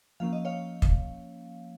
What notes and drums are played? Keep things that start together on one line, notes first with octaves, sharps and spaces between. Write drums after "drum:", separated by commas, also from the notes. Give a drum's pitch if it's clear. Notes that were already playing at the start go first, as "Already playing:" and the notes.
F3 A#3 C#4 F5
D#5
C#5 F5
drum: kick